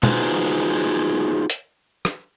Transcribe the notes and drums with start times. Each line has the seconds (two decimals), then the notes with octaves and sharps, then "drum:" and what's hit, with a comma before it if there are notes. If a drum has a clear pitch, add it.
0.03 D#4 F4 F#4 G#4 B4 C5, drum: tom
1.50 drum: hi-hat
2.05 drum: rim click